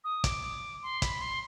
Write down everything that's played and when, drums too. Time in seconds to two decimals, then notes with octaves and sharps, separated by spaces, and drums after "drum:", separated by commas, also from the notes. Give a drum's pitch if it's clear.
0.04 D#6
0.24 D6, drum: kick, hi-hat
0.83 C6
1.02 B5, drum: kick, hi-hat
1.21 C6